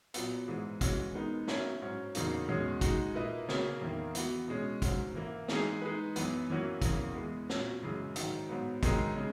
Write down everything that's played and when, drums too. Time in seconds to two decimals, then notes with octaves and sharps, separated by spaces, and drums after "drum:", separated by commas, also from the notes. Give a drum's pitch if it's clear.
0.14 A#2 F#3 B3, drum: hi-hat
0.48 G#2 E3 G#3
0.81 E3 G#3 C#4 F#4, drum: kick, hi-hat
1.14 G#3 B3 D#4 A#4
1.48 F#3 C#4 E4 A#4, drum: snare
1.82 G#2 F#3 C#4
2.15 E2 C#3 F#3 A#3 D#4, drum: hi-hat
2.48 E2 B2 G#3 C#4
2.81 G#3 D#4 F#4, drum: kick, hi-hat
3.14 A#2 A#3 E4 B4 D#5
3.48 C#3 F#3 A#3 C#4, drum: snare
3.81 E2 D#3 A#3 E4
4.15 E3 B3 F#4, drum: hi-hat
4.48 B2 G#3 C#4
4.82 G#2 F#3 C#4, drum: kick, hi-hat
5.15 E3 A#3 E4
5.48 E3 G#3 D#4 G#4, drum: snare
5.82 G#3 D#4 G#4 B4
6.16 F#2 E3 B3, drum: hi-hat
6.49 F#2 E3 A#3 C#4 F#4
6.82 E2 C#3 E3 A#3, drum: kick, hi-hat
7.15 E3 G#3 B3
7.49 A#2 F#3 C#4, drum: snare
7.82 F#2 C#3 E3 G#3
8.16 G#2 D#3 F#3, drum: hi-hat
8.49 G#2 F#3 B3
8.83 F#2 D#3 G#3 D#4 A#4, drum: kick, hi-hat
9.16 C#3 G#3